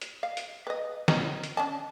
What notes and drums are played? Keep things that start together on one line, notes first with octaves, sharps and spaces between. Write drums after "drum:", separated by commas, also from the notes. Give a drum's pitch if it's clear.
drum: hi-hat
F5
drum: hi-hat
B4 D#5
F#3 C#4 D#4, drum: snare
drum: hi-hat
C#4 D4 A5